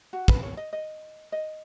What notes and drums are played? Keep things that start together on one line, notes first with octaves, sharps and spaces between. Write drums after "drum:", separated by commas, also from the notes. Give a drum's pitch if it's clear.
F#4
B4, drum: kick
C#5
D#5
D#5
D#5